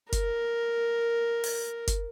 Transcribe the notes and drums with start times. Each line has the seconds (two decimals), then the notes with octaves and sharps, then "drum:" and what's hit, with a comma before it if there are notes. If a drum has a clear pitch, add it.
0.12 A#4, drum: kick F#1, hi-hat
1.44 drum: open hi-hat
1.87 drum: kick F#1, hi-hat